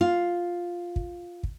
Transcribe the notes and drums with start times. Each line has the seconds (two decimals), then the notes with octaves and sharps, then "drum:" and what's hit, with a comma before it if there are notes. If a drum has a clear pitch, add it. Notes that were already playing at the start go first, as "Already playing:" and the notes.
0.01 F4
0.96 drum: kick
1.43 drum: kick